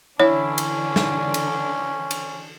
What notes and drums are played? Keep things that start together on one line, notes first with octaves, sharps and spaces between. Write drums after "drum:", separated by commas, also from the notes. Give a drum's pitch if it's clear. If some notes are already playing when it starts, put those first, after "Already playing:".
D3 E3 C#4 D4 E4 C#5
drum: cymbal
drum: snare
drum: cymbal
drum: cymbal